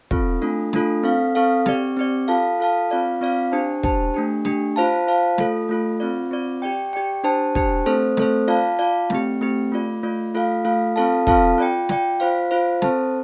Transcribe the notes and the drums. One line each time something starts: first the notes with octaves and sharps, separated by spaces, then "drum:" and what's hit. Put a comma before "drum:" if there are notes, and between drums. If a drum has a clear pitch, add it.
C4 F4 A4, drum: kick
A3 D4 F4 A4
A3 D4 F4 A4, drum: snare
C4 A4 F5
C4 A4 F5
C4 G4 D5, drum: snare
C4 G4 D5
F4 A4 F5 A5
F4 A4 F5 A5
C4 F4 D5 F5
C4 F4 D5 F5
D4 G4 C5 A5
D4 G4 C5 A5, drum: kick
A3 D4 G4
A3 D4 G4, drum: snare
F4 C5 F5 A5
F4 C5 F5 A5
A3 F4 A4, drum: snare
A3 F4 A4
C4 F4 D5
C4 F4 D5
G4 D5 G5
G4 D5 G5
D4 G4 C5 A5
D4 G4 C5 A5, drum: kick
A3 C4 A4 C5
A3 C4 A4 C5, drum: snare
F4 D5 F5 A5
F4 D5 F5 A5
A3 C4 G4, drum: snare
A3 C4 G4
A3 F4 D5
A3 F4 D5
A3 F4 A4 F5
A3 F4 A4 F5
C4 F4 A4 F5 A5
C4 F4 A4 F5 A5, drum: kick
F4 D5 G5
F4 D5 G5, drum: snare
F4 C5 F5
F4 C5 F5
C4 A4 C5 A5, drum: snare